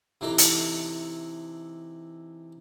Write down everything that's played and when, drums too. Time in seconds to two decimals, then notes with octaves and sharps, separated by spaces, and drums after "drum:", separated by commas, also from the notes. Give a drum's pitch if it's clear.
0.21 C3 E3 D#4 A4
0.38 drum: hi-hat